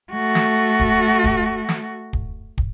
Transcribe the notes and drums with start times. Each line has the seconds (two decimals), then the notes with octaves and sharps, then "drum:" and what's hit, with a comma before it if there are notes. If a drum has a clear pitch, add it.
0.13 A3 F#4
0.35 drum: snare
0.80 drum: kick
1.24 drum: kick
1.69 drum: snare
2.13 drum: kick
2.58 drum: kick